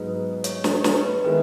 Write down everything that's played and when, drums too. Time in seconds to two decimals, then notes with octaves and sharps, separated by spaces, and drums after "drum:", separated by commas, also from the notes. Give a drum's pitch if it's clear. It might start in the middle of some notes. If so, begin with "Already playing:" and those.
Already playing: G#2 F#3 B3 D#4 B4
0.44 C#5, drum: hi-hat
0.64 drum: snare
0.84 drum: snare
0.97 B4
1.24 D#3 G#3 B3 E4 B4